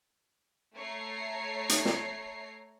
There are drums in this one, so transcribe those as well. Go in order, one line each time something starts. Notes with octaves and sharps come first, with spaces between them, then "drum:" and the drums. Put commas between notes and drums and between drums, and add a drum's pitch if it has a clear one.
A3 C#5 A#5 C7
drum: hi-hat
drum: snare